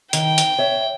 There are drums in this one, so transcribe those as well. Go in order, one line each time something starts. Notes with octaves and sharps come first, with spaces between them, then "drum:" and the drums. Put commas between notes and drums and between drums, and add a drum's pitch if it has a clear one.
D#3 G5, drum: hi-hat
drum: hi-hat
C#5 E5